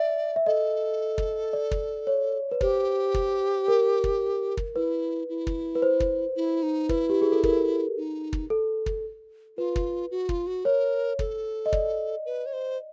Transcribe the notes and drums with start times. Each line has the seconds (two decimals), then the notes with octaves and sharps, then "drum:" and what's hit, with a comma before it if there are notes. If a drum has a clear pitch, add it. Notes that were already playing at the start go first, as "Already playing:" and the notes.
Already playing: D5 E5
0.36 E5
0.46 A4 D#5
1.18 drum: kick
1.53 D5
1.71 drum: kick
2.07 C#5
2.52 B4
2.61 G4 C5, drum: kick
3.14 drum: kick
3.68 A#4
4.04 drum: kick
4.57 drum: kick
4.75 E4 B4
5.29 E4
5.47 drum: kick
5.75 B4
5.82 C5
6.00 drum: kick
6.36 E4
6.63 D#4
6.89 E4 B4, drum: kick
7.10 G4
7.22 G#4
7.32 A4
7.43 A#4, drum: kick
7.97 D#4
8.33 drum: kick
8.50 A4
8.86 drum: kick
9.58 F4 B4
9.76 drum: kick
10.11 F#4
10.29 F4, drum: kick
10.47 F#4
10.65 A#4 C#5
11.19 A4, drum: kick
11.66 D#5
11.73 D5, drum: kick
12.25 B4
12.46 C#5
12.53 C5